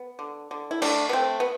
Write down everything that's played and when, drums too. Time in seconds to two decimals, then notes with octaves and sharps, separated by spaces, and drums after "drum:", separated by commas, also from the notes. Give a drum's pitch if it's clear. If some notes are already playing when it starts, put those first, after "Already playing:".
Already playing: B3
0.19 D3
0.51 D3
0.71 E4
0.82 A3 D4, drum: cymbal
1.09 B3
1.13 A3 C4
1.40 B3